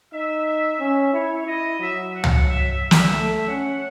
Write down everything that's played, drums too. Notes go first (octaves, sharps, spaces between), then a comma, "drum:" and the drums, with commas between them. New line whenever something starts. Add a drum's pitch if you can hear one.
D#4 E5
C#4 E5
E4 C#5
E4 D#5
F#3 E5
F#5
drum: tom C#2
E5
E5
drum: snare
A3
C#4 F#5